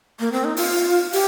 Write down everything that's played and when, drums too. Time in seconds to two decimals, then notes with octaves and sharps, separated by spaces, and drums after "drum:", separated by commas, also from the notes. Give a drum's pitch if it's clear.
0.20 A#3
0.32 C4
0.44 D#4
0.57 F4, drum: open hi-hat
1.13 G4, drum: open hi-hat